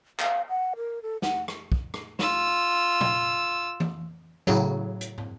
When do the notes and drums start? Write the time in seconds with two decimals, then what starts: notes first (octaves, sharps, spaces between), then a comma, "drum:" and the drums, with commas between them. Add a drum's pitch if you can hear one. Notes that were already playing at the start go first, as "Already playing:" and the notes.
0.19 F5, drum: clap
0.49 F#5
0.76 A#4
1.02 A4
1.22 F#5, drum: snare
1.48 drum: rim click
1.72 drum: kick
1.94 drum: rim click
2.19 F4 E6, drum: snare
3.01 drum: tom
3.80 drum: tom E3
4.47 A2 C#3 F#3, drum: tambourine
5.01 drum: hi-hat
5.18 drum: tom